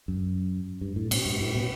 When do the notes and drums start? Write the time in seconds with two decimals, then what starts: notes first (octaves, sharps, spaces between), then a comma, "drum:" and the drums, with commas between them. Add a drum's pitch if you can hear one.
0.08 F#2
0.81 G2
0.96 A2
1.11 B2, drum: cymbal
1.26 G2
1.41 A2
1.55 B2